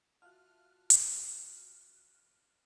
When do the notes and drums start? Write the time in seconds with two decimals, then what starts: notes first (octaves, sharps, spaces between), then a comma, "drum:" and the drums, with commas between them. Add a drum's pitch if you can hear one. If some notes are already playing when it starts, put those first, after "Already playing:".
0.22 F4 F#4 E5 A5 F6 F#6
0.90 drum: hi-hat